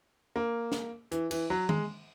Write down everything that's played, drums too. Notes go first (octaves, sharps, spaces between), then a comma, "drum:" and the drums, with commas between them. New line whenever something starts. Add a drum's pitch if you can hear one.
A#3
drum: snare
E3, drum: hi-hat
E3, drum: cymbal
F#3
G#3, drum: tom